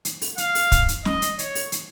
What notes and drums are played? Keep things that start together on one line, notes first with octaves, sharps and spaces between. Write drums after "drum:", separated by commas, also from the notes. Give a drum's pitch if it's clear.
drum: hi-hat
drum: open hi-hat
F5, drum: hi-hat
drum: open hi-hat
drum: kick, hi-hat
drum: hi-hat
D#5, drum: snare
drum: hi-hat
C#5, drum: hi-hat
drum: open hi-hat
drum: hi-hat